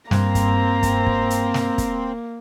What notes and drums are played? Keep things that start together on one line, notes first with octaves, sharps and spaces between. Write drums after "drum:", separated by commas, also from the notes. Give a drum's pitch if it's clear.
G2 A#3 C4 A#5, drum: snare
drum: kick, hi-hat
drum: kick, hi-hat
drum: kick
drum: hi-hat
drum: snare
drum: kick, hi-hat